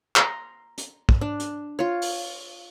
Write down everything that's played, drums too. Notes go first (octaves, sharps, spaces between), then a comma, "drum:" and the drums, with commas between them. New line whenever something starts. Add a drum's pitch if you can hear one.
A#5 C6, drum: clap
drum: hi-hat
drum: kick
D4
drum: hi-hat
F4 C#5
drum: open hi-hat